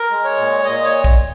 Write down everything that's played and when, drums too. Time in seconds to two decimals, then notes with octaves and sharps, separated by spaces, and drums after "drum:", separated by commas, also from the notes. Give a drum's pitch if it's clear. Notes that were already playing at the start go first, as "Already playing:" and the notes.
Already playing: A#4
0.11 G#3
0.24 C#5
0.37 A#2
0.64 A#2 D#5, drum: tambourine
0.85 C#5, drum: tambourine
1.04 drum: kick A#1, tambourine